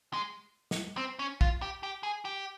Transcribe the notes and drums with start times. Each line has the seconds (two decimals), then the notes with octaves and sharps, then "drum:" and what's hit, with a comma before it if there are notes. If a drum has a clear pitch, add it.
0.13 G#3
0.71 drum: snare
0.97 C4
1.19 C#4
1.41 F4, drum: kick
1.62 G4
1.83 G4
2.03 G#4
2.25 G4